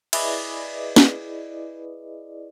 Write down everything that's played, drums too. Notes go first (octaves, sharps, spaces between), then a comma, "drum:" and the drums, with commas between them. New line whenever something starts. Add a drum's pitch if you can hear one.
E4 G#4 B4 D5 D#5, drum: cymbal
drum: snare